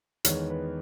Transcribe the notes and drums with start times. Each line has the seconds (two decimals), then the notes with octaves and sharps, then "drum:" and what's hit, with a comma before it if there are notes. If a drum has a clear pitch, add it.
0.25 E2 D#3 G#3 B3 C#5, drum: hi-hat
0.50 B4